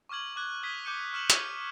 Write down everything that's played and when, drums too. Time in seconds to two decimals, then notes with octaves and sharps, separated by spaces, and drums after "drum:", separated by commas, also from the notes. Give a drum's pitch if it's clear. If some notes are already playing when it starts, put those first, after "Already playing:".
0.09 C#6 D6 F6 G#6 F#7
0.36 D6 F#6 G#6
0.63 D#6 G#6 B6 D#7 F#7 G7
0.84 D6 G6 C#7 D#7 G7
1.13 C#6 F6 E7 F#7 G7
1.30 C#6 F6 G#6 C#7 D#7, drum: hi-hat